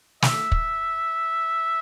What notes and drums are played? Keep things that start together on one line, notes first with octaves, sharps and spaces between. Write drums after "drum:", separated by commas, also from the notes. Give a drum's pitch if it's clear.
E5, drum: snare
drum: kick